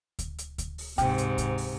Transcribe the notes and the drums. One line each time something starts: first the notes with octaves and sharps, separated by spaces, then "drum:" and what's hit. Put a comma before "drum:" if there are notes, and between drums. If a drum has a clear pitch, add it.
drum: kick D2, hi-hat
drum: hi-hat
drum: kick D2, hi-hat
drum: open hi-hat
G#2 C3 G5, drum: kick D2, hi-hat
drum: hi-hat
drum: kick D2, hi-hat
drum: open hi-hat